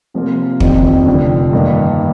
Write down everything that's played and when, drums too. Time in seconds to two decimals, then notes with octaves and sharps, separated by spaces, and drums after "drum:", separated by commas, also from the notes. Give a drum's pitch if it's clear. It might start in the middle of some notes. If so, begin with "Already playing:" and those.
0.14 C3 F3 A#3 F4 A#4
0.60 F2 D#3 G3 C4, drum: kick
1.06 F1 F2 D3
1.53 G2 D#3 A#3 D4